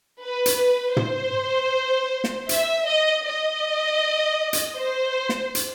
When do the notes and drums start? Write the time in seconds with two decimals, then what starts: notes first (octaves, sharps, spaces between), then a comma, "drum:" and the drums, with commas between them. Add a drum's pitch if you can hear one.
0.21 B4
0.46 drum: hi-hat
0.97 C5, drum: tom
2.24 drum: snare
2.49 E5, drum: hi-hat
2.87 D#5
3.25 D#5
4.53 drum: hi-hat
4.79 C5
5.29 drum: snare
5.55 drum: hi-hat